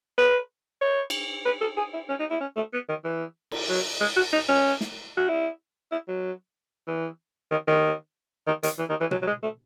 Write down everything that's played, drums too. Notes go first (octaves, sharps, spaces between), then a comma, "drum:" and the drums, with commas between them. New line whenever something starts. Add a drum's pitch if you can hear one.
B4
C#5
drum: cymbal
B4
A4
G#4
E4
C#4
D#4
E4
C#4
A3
B3
D#3
E3
drum: cymbal
F#3
G#3
F#4
D#4
C#4
drum: snare
F#4
E4
E4
F#3
E3
D#3
D#3
D#3
D#3, drum: hi-hat
E3
D#3
E3
F#3, drum: tom B2
F#3
G#3
A3